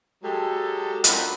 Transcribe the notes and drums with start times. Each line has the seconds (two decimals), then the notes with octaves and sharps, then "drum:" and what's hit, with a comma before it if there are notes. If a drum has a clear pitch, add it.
0.23 F#3 G#3 G4 A4
1.04 F#2 F#3 D4 F4 B4 B5, drum: hi-hat